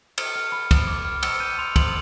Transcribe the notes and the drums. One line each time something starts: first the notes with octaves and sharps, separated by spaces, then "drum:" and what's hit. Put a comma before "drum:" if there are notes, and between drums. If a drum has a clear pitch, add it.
F6 C#7, drum: cymbal
F6
B5
B5, drum: kick, cymbal
D6
F6
E6 C#7, drum: cymbal
G6 D#7
C6 F7
C6 F#7, drum: kick, cymbal